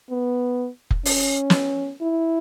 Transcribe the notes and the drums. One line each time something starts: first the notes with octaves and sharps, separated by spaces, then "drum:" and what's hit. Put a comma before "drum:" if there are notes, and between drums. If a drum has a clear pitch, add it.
B3
drum: kick F1
C#4, drum: open hi-hat
drum: snare
E4